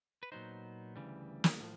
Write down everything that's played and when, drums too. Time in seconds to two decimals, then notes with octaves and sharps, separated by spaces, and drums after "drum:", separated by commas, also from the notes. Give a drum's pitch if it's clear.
0.23 B4
0.32 A#2 F#3 B3 D#4 C5
0.96 D2 C#3 E3 G3
1.44 drum: snare
1.60 A2 F3